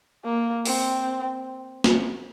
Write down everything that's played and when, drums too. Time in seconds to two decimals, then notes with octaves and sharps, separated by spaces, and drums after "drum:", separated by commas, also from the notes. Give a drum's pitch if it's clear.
0.25 A#3
0.66 C4, drum: open hi-hat
1.84 drum: snare